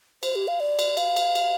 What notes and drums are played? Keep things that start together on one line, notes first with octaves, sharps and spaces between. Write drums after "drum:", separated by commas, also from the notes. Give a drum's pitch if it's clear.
C5, drum: cymbal
G4
F5
D5
drum: cymbal
F5, drum: cymbal
drum: cymbal
drum: cymbal